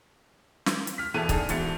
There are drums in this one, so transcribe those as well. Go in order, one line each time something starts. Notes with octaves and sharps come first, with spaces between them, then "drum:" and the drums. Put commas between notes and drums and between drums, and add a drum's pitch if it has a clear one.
drum: snare
drum: hi-hat
F6 B6
E1 D#2 E3 A4 D#7
D4 D#4 G#4 A4, drum: kick, hi-hat
G#2 B2 E3 A6 C#7, drum: hi-hat